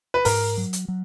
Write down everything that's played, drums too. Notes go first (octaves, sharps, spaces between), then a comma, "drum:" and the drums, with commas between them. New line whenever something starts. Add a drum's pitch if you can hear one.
B4
G#2 A#4, drum: open hi-hat
F#3
drum: hi-hat
F#3